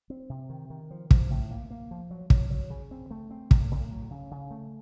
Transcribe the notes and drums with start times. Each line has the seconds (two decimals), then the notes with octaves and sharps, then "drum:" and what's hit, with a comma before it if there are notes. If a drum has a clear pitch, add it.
0.10 C4
0.30 C3
0.50 D#3
0.70 D#3
0.91 F3
1.11 F3, drum: kick
1.30 A2
1.51 A#3
1.70 A#3
1.91 F3
2.11 F#3
2.30 F#3, drum: kick
2.50 F#3
2.70 C#3
2.91 C4
3.11 A3
3.31 C4
3.51 A2, drum: kick
3.71 A2
3.91 F#3
4.10 C#3
4.31 C#3
4.51 A3